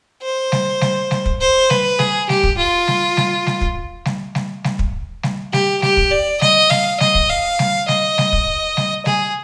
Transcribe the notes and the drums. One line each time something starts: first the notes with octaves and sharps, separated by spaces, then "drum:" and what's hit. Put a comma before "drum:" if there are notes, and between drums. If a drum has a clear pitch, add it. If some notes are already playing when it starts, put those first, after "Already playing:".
C5
drum: snare
drum: snare
drum: snare
drum: kick
C5
B4, drum: snare
G#4, drum: snare
G4, drum: snare
drum: kick
F4
drum: snare
drum: snare
drum: snare
drum: kick
drum: snare
drum: snare
drum: snare
drum: kick
drum: snare
G4, drum: snare
G4, drum: snare
drum: kick
D5
D#5, drum: snare
F5, drum: snare
D#5, drum: snare
drum: kick
F5
drum: snare
D#5, drum: snare
drum: snare
drum: kick
drum: snare
G#4, drum: snare